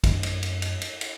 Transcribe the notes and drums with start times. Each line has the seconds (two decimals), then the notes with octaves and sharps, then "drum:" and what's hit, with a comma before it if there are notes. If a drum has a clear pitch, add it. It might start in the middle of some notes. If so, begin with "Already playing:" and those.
0.04 F#2 A3 D4, drum: kick, cymbal
0.23 drum: cymbal
0.43 drum: cymbal
0.62 drum: cymbal
0.82 drum: cymbal
1.01 drum: cymbal